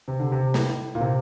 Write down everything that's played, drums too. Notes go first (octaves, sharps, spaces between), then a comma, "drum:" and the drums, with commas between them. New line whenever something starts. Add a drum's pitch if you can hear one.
C3
D3
C3
A2, drum: snare
A#2
C3